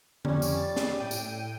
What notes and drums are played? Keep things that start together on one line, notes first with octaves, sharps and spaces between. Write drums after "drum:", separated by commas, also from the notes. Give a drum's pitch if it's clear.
F2 G3 C#4, drum: tom D3
drum: tambourine
A6
drum: snare
A2 G5 D#7
drum: tambourine